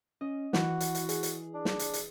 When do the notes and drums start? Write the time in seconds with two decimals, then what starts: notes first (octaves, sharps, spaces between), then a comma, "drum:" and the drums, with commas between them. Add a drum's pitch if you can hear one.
0.21 C#4 D#5
0.53 E3 F#4 F#5, drum: snare
0.80 drum: hi-hat
0.95 drum: hi-hat
1.09 G#4, drum: hi-hat
1.23 drum: hi-hat
1.54 D4
1.65 drum: snare
1.79 drum: hi-hat
1.93 drum: hi-hat